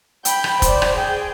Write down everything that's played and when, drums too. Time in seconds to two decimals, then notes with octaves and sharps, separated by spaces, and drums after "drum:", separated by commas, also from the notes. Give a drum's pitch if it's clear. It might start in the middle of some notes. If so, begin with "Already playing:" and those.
0.25 G5 B5, drum: hi-hat
0.44 drum: rim click
0.62 C5 D5, drum: kick F1, hi-hat
0.82 drum: rim click
0.96 G#4 G5